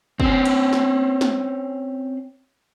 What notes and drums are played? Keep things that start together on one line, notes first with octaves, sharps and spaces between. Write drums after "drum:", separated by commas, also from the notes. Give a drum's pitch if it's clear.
C4 C#4, drum: kick
drum: cymbal
drum: snare
drum: snare